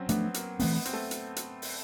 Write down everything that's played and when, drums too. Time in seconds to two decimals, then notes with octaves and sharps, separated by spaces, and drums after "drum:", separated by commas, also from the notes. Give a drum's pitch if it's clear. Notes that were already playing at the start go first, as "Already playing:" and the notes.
Already playing: F#3 C4 C#4
0.09 F3 A3 B3 D4, drum: hi-hat
0.34 A#3, drum: hi-hat
0.60 E3 A3 B3 C4, drum: open hi-hat
0.73 B3
0.85 C4, drum: hi-hat
0.93 A3
1.11 drum: hi-hat
1.36 drum: hi-hat
1.62 drum: open hi-hat